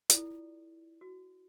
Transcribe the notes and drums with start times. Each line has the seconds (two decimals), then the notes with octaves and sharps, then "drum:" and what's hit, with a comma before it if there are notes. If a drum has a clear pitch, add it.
0.10 E4 F4 A4 D5, drum: hi-hat
1.01 F#4